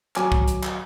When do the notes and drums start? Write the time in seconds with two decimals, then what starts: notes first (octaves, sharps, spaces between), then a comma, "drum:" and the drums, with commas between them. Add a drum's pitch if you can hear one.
0.16 F#3 G#5 D6, drum: clap
0.32 drum: kick
0.48 drum: hi-hat
0.63 drum: clap